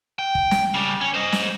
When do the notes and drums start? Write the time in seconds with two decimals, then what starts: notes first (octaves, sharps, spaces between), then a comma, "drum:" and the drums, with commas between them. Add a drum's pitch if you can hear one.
0.19 G5
0.35 drum: kick
0.51 drum: snare
0.74 C#3 G3
1.01 C#4
1.14 C5 D#5
1.32 drum: snare